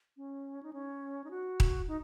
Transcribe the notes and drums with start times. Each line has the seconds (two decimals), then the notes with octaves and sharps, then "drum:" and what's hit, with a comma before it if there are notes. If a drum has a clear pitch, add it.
0.17 C#4
0.63 D#4
0.73 C#4
1.24 D#4
1.31 F#4
1.60 drum: kick D#1
1.88 D#4